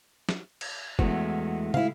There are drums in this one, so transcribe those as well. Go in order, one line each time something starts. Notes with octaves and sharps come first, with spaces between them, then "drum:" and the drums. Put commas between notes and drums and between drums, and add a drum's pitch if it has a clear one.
drum: snare
drum: cymbal
E2 G#3 A3 F#4, drum: kick
E4 F5, drum: tom